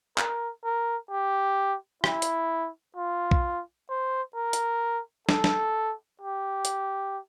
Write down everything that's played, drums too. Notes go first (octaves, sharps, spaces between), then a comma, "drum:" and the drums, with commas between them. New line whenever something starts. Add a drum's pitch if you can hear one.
A#4, drum: clap
A#4
G4
E4, drum: rim click
drum: hi-hat
F4
drum: kick
C5
A#4
drum: hi-hat
A4, drum: snare
drum: snare
G4
drum: hi-hat